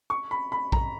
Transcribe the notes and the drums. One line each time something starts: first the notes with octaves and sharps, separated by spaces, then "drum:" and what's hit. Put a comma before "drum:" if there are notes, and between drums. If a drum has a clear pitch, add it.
C#6
B5
B5
A#5, drum: kick A#1